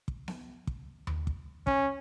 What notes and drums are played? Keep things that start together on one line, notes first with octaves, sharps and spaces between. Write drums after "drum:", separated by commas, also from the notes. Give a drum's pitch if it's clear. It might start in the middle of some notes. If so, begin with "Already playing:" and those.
drum: kick
drum: snare B3
drum: kick
drum: tom D#2
drum: kick
C#4, drum: kick